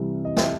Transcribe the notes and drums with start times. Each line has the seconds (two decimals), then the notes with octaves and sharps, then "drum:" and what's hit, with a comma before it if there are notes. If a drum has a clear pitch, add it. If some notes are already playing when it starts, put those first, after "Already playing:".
Already playing: C2 C3 E3 G3
0.25 D#5
0.37 E5, drum: snare